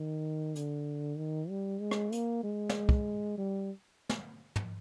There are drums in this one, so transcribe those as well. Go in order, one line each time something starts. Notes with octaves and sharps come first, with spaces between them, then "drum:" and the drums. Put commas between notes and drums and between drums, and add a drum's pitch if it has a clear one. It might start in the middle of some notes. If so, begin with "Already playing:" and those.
Already playing: D#3
D3, drum: hi-hat
D#3
G3
G#3
drum: rim click
A#3, drum: hi-hat
G#3
drum: snare
drum: kick
G3
drum: snare
drum: tom